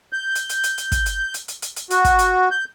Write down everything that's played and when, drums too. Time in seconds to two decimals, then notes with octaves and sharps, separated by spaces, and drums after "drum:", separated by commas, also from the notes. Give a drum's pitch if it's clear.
0.13 G6
0.35 drum: hi-hat
0.49 drum: hi-hat
0.63 drum: hi-hat
0.78 drum: hi-hat
0.92 drum: kick, hi-hat
1.06 drum: hi-hat
1.34 drum: hi-hat
1.48 drum: hi-hat
1.62 drum: hi-hat
1.76 drum: hi-hat
1.90 F#4, drum: hi-hat
2.04 drum: kick, hi-hat
2.19 drum: hi-hat
2.51 G6